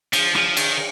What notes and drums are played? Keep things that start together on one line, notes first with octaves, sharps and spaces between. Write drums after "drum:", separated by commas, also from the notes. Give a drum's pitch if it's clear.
F3, drum: cymbal
F3, drum: rim click
D#3, drum: cymbal